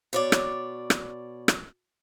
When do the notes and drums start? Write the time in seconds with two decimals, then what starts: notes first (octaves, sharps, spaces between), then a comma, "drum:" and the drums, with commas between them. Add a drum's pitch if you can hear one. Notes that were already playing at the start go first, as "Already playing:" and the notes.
0.13 B2 C#5 D5
0.32 drum: rim click
0.90 drum: rim click
1.48 drum: rim click